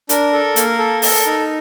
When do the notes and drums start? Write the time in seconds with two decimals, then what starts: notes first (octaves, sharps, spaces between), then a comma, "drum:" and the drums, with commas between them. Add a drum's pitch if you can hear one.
0.09 D4 A#4, drum: hi-hat
0.33 A4
0.56 A#3, drum: hi-hat
0.79 A4
1.02 A4, drum: open hi-hat
1.26 D#4